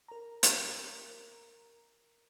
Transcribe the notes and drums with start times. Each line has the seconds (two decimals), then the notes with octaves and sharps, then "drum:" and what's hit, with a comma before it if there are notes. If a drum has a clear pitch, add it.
0.08 A#4 A#5
0.43 drum: hi-hat